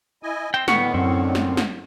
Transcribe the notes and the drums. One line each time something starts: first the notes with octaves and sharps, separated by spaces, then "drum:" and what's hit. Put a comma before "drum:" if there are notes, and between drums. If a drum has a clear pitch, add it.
E4 D#5 G#5
C4 C5 G5
A2 D3 D#3 B3 F#5 C#6 F6, drum: snare
F#2 C4 C#4
drum: snare
drum: snare